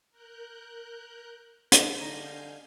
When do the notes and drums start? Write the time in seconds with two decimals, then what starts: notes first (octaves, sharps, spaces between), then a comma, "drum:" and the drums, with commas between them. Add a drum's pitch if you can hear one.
0.11 A#4 F#6 G6
1.72 drum: hi-hat
2.01 D3 G3 D#4 F5 G#5 G6